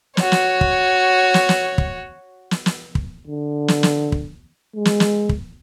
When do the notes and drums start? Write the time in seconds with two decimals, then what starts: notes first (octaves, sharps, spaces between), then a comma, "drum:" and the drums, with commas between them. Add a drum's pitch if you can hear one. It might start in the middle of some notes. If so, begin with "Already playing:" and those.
0.17 F#4 C#5, drum: snare
0.32 drum: snare
0.61 drum: kick
1.34 drum: snare
1.49 drum: snare
1.78 drum: kick
2.51 drum: snare
2.66 drum: snare
2.95 drum: kick
3.27 D3
3.68 drum: snare
3.83 drum: snare
4.12 drum: kick
4.75 G#3
4.85 drum: snare
5.00 drum: snare
5.29 drum: kick